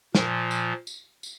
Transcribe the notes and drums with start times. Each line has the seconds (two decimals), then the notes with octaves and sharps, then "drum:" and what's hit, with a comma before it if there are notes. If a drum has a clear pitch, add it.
0.15 A#2 F3 A#4, drum: snare
0.51 drum: tambourine
0.87 drum: tambourine
1.23 drum: tambourine